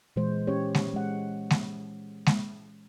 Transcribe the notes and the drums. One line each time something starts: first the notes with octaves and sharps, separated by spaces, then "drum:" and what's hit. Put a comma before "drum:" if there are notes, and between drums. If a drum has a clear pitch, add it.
A#2 E3 G#3 C5
C#4 G4 C#5
drum: snare G#3
G#3 F#5
drum: snare G#3
drum: snare G#3